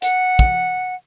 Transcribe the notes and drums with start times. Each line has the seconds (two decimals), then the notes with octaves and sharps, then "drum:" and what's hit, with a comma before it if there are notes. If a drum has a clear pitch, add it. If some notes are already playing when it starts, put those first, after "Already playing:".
0.02 F#5, drum: hi-hat
0.39 drum: kick